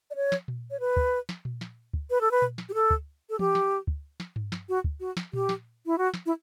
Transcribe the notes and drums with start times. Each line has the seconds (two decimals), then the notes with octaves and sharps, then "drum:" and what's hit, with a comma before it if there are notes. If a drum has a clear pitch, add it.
0.10 D5
0.15 C#5
0.32 drum: snare
0.48 drum: tom A#2
0.71 C#5
0.80 B4
0.97 drum: kick
1.29 drum: snare
1.45 drum: tom A#2
1.61 drum: snare
1.94 drum: kick
2.10 B4
2.21 A4
2.31 B4
2.42 drum: tom A#2
2.58 drum: snare
2.69 G4
2.74 A4
2.90 drum: kick
3.30 A4
3.39 G4, drum: tom E3
3.55 drum: snare
3.87 drum: kick
4.20 drum: snare
4.36 drum: tom G2
4.52 drum: snare
4.69 F#4
4.84 drum: kick
5.00 F#4
5.17 drum: snare
5.33 G4, drum: tom A#2
5.49 drum: snare
5.86 E4
5.98 F#4
6.14 drum: snare
6.26 E4